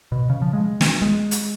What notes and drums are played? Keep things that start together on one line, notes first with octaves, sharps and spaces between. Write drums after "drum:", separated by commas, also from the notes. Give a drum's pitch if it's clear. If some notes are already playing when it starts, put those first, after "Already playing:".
B2
C#3
F3
G#3
drum: snare
G#3
drum: hi-hat